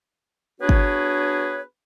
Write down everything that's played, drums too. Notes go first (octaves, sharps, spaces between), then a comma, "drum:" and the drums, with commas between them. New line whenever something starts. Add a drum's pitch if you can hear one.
B3 D4 F#4 G#4 B4 C#5
drum: kick